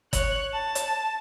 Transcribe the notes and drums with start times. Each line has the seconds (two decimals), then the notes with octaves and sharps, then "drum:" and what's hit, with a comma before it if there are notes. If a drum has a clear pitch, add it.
0.13 C#5 F#6, drum: kick, hi-hat
0.53 A5
0.75 drum: hi-hat